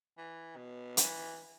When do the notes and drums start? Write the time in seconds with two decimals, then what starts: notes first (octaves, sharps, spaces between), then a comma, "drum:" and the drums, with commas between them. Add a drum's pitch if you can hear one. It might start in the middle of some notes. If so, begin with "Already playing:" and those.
0.18 E3
0.56 B2
0.97 E3, drum: hi-hat